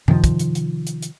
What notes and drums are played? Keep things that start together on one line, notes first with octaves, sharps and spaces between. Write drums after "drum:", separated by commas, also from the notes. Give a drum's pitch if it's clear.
C3 D#3 F3, drum: tom F#2
drum: kick, hi-hat
drum: hi-hat
drum: hi-hat
drum: hi-hat
drum: hi-hat